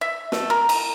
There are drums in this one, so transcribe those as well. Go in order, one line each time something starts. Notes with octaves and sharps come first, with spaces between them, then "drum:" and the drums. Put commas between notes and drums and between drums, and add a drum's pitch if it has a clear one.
E5
A3, drum: snare
A#4
A#5, drum: cymbal